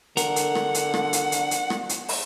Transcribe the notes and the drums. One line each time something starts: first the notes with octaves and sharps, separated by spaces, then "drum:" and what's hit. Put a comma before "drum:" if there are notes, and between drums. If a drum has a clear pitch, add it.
D3 A#4 F#5, drum: hi-hat
drum: hi-hat
drum: rim click
drum: hi-hat
drum: rim click
drum: hi-hat
drum: hi-hat
drum: hi-hat
drum: rim click
drum: hi-hat
drum: open hi-hat